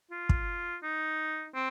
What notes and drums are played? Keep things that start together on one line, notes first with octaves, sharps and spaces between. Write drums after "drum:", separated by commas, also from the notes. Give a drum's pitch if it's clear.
F4
drum: kick
D#4
C4